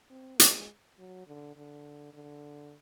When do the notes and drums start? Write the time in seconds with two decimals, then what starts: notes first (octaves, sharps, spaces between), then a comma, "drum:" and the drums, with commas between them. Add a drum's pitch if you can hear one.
0.10 C4
0.39 G#3, drum: hi-hat
0.98 F#3
1.27 D3
1.56 D3
2.14 D3